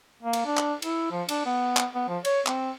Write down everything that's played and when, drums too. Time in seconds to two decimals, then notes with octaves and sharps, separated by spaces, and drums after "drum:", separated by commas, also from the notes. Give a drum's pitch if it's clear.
0.23 A#3
0.33 drum: cymbal
0.46 D4
0.57 drum: clap
0.82 E4, drum: cymbal
1.12 F3
1.29 D4, drum: cymbal
1.46 B3
1.77 drum: clap
1.95 B3
2.08 F3
2.25 C#5, drum: cymbal
2.46 C4, drum: clap